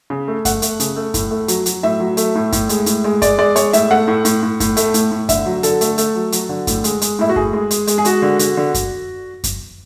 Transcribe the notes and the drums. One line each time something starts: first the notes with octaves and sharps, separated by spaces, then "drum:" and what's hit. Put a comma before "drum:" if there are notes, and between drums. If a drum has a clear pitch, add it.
C#3
A3
A3 F#5, drum: kick F#2, hi-hat
A3, drum: hi-hat
C#3, drum: hi-hat
A3
A2, drum: kick F#2, hi-hat
A3
F#3, drum: hi-hat
F#3, drum: hi-hat
A2 E5
F#3
A3, drum: hi-hat
A2
A2, drum: kick F#2, hi-hat
G#3, drum: hi-hat
A2, drum: hi-hat
G#3
G#3 D5, drum: kick F#2, hi-hat
G#3 D5
G#3 C#5, drum: hi-hat
A2 E5, drum: hi-hat
A3 F#5
A2
A2, drum: hi-hat
A2
A2, drum: kick F#2, hi-hat
A3, drum: hi-hat
A2, drum: hi-hat
A2
D3 E5, drum: kick F#2, hi-hat
F#3
D3 A4, drum: hi-hat
A3, drum: hi-hat
A3, drum: hi-hat
F#3
F#3, drum: hi-hat
D3
A2, drum: kick F#2, hi-hat
G#3, drum: hi-hat
G#3, drum: hi-hat
A2 E4
F#4
A2 G#4, drum: kick F#2
G#3
G#3, drum: hi-hat
G#3, drum: hi-hat
G#4
G#3 F#4, drum: hi-hat
D3
D3, drum: hi-hat
D3
drum: kick F#2, hi-hat
drum: kick F#2, hi-hat